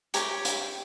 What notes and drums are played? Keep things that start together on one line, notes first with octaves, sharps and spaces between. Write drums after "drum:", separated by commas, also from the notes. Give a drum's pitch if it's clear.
G4 C#5 A#5, drum: hi-hat
drum: hi-hat